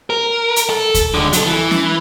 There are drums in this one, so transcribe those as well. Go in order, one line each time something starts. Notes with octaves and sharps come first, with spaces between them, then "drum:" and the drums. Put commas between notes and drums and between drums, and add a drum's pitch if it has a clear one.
A#4
drum: hi-hat
A4
drum: kick D2, hi-hat
C#2 D3
F#3 A4, drum: hi-hat
E3
drum: snare